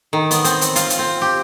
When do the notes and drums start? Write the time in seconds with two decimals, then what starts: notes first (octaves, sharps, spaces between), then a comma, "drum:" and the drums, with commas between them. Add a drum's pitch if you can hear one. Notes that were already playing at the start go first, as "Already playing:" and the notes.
0.13 D#3
0.31 B3, drum: hi-hat
0.44 C4, drum: hi-hat
0.61 drum: hi-hat
0.76 F4, drum: hi-hat
0.90 drum: hi-hat
0.99 C4
1.22 G4